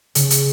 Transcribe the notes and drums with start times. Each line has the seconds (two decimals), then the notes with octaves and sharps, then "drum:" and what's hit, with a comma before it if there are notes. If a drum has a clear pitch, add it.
0.15 C#3, drum: hi-hat
0.30 drum: hi-hat